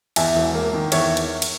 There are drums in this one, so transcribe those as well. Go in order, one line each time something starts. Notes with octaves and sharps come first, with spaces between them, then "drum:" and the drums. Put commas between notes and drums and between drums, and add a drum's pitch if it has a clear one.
E2 E5 G#5, drum: cymbal
E1
A#3
D#3
E2 C#5 E5, drum: cymbal
drum: cymbal
drum: cymbal